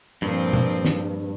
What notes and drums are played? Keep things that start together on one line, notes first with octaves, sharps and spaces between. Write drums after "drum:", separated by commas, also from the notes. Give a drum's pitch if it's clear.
G2 A#2 F3 C4
drum: tom
drum: snare